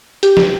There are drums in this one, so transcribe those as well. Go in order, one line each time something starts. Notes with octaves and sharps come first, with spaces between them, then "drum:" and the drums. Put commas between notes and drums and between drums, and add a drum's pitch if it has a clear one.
G4, drum: hi-hat
drum: snare